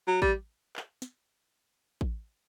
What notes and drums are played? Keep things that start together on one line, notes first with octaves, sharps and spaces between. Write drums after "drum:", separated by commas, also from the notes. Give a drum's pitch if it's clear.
F#3
G3, drum: kick A1
drum: clap
drum: snare
drum: kick A1